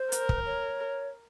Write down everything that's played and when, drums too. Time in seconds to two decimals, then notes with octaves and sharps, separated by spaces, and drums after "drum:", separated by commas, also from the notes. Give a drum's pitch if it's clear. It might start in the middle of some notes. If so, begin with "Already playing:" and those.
Already playing: C5
0.12 A#4, drum: hi-hat
0.29 drum: kick
0.46 C#5